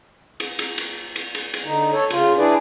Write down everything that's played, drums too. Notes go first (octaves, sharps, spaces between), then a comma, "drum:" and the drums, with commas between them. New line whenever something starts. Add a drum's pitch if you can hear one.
drum: cymbal
drum: cymbal
drum: cymbal
drum: cymbal
drum: cymbal
drum: cymbal
D3 D#4
A4 C#5
C#3 F4, drum: cymbal
D4 E4 G#4 B4 D5